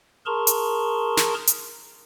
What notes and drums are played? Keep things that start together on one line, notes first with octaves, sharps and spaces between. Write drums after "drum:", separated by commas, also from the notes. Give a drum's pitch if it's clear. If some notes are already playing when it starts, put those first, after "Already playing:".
G#4 A#4 A5 A#5 C6 C#6
drum: hi-hat
drum: snare
drum: hi-hat